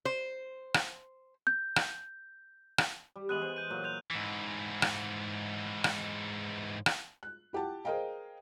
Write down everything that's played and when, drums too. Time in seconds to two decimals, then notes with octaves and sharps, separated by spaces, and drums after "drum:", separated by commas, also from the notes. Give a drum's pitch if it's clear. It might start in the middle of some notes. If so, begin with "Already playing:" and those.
0.05 C5
0.74 drum: rim click
1.47 G6
1.76 drum: rim click
2.78 drum: rim click
3.16 G3
3.29 E3 G#3 B3 F#6 D#7 F#7
3.42 C5
3.56 G6 D#7
3.70 A#2 F#3
3.84 F#6 G6 F7
4.11 G#2 E3
4.82 drum: rim click
5.84 drum: rim click
6.86 drum: rim click
7.23 F#6
7.53 E4 G4 F#5 A5
7.85 G#4 A#4 C5 D#5 F5 G5